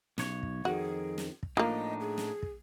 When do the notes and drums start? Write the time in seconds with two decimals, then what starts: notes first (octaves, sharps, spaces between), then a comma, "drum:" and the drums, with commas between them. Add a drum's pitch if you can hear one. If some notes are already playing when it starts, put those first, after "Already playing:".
0.18 B1 C#5, drum: snare
0.43 drum: kick
0.65 F2 D#3 F#4 G#4
1.18 drum: snare
1.43 drum: kick
1.57 A2 F3 A#3 D4 D#4 D#5
2.01 G#4
2.18 drum: snare
2.43 drum: kick